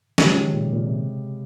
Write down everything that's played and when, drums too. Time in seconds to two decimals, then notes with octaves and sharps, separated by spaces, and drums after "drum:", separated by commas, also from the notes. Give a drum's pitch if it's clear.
0.18 C#3 F3 G#3 C#4 G4, drum: snare
0.38 D#3
0.54 A#2
0.59 C3
0.72 A#2
0.86 C3